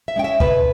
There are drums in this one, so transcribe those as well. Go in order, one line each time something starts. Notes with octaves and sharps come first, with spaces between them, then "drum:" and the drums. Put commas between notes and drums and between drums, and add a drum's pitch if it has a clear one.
E5
G#3 C#4 G5
E5
B2 B4, drum: kick